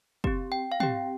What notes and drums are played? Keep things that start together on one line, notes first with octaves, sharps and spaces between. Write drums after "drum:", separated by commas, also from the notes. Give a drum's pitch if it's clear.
C4 G4, drum: kick
G5
F5
C4 G4 G5, drum: tom